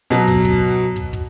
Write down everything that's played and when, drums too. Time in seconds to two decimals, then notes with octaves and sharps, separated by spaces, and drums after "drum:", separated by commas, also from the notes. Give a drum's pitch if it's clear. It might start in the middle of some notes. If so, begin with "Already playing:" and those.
0.10 B2 F#3
0.28 drum: kick
0.45 drum: kick
0.96 drum: kick
1.13 drum: kick